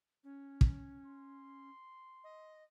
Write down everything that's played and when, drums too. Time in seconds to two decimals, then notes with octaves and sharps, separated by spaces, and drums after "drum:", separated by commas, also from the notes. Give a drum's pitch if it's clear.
0.24 C#4
0.61 drum: kick
1.06 C6
2.24 D#5